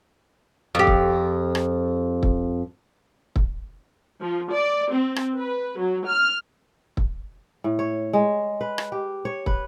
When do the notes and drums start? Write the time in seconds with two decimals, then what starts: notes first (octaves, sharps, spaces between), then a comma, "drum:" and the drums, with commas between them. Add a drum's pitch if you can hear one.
0.75 F2 G4
0.87 drum: kick
1.55 drum: rim click
2.23 drum: kick
3.36 drum: kick
4.21 F3
4.52 D5
4.92 C4
5.16 drum: rim click
5.36 B4
5.79 F#3
6.07 F6
6.97 drum: kick
7.64 A2
7.79 C#5
8.13 G#3
8.61 B4
8.78 drum: rim click
8.92 G4
9.25 C#5
9.46 B4, drum: kick